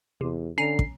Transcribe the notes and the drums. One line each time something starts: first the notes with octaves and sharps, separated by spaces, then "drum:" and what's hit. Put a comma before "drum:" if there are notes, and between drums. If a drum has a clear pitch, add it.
E2 C3
D3 C#4 A#5 C7
drum: kick